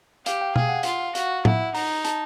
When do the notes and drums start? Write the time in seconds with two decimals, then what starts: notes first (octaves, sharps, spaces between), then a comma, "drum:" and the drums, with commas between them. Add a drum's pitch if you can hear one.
0.26 G4 F5, drum: hi-hat
0.41 G5
0.56 G#4 F5, drum: tom
0.69 F#5
0.83 F4 F5, drum: hi-hat
1.15 F#4 F5, drum: hi-hat
1.45 E4 F#5, drum: tom A2
1.75 D#4 A#5, drum: open hi-hat
2.05 A5, drum: hi-hat